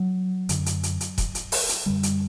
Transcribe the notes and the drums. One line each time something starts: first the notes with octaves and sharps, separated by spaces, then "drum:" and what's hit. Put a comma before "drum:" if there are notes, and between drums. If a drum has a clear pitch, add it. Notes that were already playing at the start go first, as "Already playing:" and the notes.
Already playing: F#3
F#2 D3, drum: hi-hat
drum: hi-hat
drum: hi-hat
drum: hi-hat
drum: kick E1, hi-hat
drum: hi-hat
drum: open hi-hat
drum: hi-hat
F#2 D3 G3
drum: hi-hat